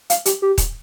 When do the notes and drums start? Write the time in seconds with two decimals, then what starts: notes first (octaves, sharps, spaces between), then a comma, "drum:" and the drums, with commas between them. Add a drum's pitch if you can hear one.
0.10 F5, drum: hi-hat
0.26 G4, drum: hi-hat
0.42 G4
0.58 drum: kick D#1, hi-hat